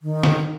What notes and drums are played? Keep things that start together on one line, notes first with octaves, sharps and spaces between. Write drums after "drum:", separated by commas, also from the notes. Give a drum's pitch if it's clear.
D#3
drum: snare